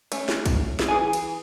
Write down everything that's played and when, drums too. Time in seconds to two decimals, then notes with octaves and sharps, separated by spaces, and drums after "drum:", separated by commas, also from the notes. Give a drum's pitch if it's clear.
0.12 A3 C#4, drum: cymbal
0.29 drum: snare
0.46 drum: kick, cymbal
0.79 drum: snare
0.88 E3 G#4 G#5
1.13 drum: cymbal